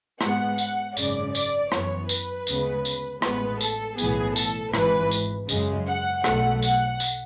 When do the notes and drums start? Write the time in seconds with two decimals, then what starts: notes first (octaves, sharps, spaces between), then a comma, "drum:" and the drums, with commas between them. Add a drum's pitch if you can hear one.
0.21 G#2 G#3 B3 F#5, drum: rim click
0.58 F#5, drum: tambourine
0.97 G#1 F#2 C#3 G#3 D5, drum: tambourine
1.35 D5, drum: tambourine
1.72 F#2 E3 B3 C#5, drum: rim click
2.09 B4, drum: tambourine
2.47 D2 C#3 G#3 B3, drum: tambourine
2.85 drum: tambourine
3.22 A1 A2 G#3 B3 B4, drum: rim click
3.61 A4, drum: tambourine
3.98 B1 A2 E3 B3 G#4, drum: tambourine
4.36 A4, drum: tambourine
4.74 G#1 G#2 E3 B4, drum: rim click
5.11 drum: tambourine
5.49 F#2 C#3 G#3, drum: tambourine
5.87 F#5
6.24 B1 B2 F#3 A3 F#5, drum: rim click
6.62 F#5, drum: tambourine
7.00 drum: tambourine